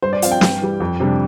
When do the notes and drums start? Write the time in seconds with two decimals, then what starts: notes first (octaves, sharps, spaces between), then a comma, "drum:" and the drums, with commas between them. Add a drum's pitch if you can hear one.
0.02 G2 C5
0.13 D5
0.22 F3 C4 F5, drum: hi-hat
0.32 G5
0.41 G2, drum: snare
0.61 E3 G3
0.80 F2
1.00 C3 G3 D4